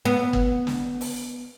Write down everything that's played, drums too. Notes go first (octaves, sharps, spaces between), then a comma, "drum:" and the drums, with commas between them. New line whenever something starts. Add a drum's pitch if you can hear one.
B3
drum: kick
drum: snare
drum: open hi-hat